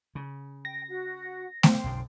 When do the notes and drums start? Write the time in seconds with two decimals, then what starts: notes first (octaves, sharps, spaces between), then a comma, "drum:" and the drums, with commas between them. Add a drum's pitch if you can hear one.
0.15 C#3
0.65 G5 A#6
0.88 F#4 F#5
1.63 C5 G5, drum: snare A3
1.84 B1 F#2 D3